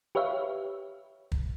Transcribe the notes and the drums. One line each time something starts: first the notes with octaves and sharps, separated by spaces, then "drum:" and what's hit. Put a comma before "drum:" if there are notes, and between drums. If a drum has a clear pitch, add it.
G4 B4 C#5 E5 F5
drum: kick